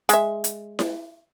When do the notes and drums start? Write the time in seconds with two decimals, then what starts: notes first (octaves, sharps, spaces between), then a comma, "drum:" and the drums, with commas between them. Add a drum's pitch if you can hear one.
0.09 G#3 E5, drum: hi-hat
0.44 drum: hi-hat
0.79 drum: snare E4